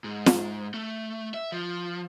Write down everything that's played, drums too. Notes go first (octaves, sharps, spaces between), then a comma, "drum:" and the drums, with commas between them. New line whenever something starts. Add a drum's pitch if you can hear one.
G#2
drum: snare
A3
E5
F3